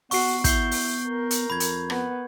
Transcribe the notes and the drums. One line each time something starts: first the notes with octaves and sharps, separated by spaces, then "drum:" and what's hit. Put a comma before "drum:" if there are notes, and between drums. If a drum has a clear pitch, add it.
B3 F#4 C#6 C7, drum: open hi-hat
E4 G6 C7 G7, drum: kick, hi-hat
drum: open hi-hat
A#4
drum: hi-hat
F2 B5 G#6
drum: hi-hat
B3, drum: rim click